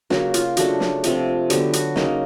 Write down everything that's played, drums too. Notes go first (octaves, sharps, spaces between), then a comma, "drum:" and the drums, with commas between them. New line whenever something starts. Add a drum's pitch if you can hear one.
C#3 F#3 A#3 F#4, drum: snare
F4, drum: hi-hat
C#3 F#3 A3 D4 F#4, drum: hi-hat
drum: snare
C3 F3 A3 C4, drum: hi-hat
D3 F#3 B3 G4, drum: hi-hat
F#4, drum: hi-hat
C#3 F#3 A#3 C#4 D#4, drum: snare